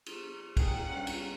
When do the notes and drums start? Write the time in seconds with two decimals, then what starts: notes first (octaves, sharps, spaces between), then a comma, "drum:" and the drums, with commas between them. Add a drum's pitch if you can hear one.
0.06 drum: cymbal
0.57 D#2 G#4 F#5 G5, drum: kick, cymbal
0.89 G2 C#4
1.07 drum: cymbal